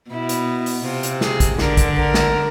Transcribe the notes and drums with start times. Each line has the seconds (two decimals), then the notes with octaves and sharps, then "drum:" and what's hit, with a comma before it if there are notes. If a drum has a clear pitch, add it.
0.10 B2 E4
0.29 drum: hi-hat
0.66 drum: open hi-hat
0.84 C3 F4
1.03 drum: hi-hat
1.21 G#4, drum: snare
1.40 drum: kick A1, hi-hat
1.59 D3 A#4, drum: snare
1.77 drum: kick A1, hi-hat
1.95 A#4
2.14 drum: snare